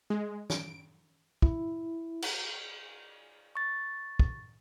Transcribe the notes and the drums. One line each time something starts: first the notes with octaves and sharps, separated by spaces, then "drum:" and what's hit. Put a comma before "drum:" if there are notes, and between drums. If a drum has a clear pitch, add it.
G#3
D7, drum: snare
E4, drum: kick
drum: cymbal
C#6 A6
drum: kick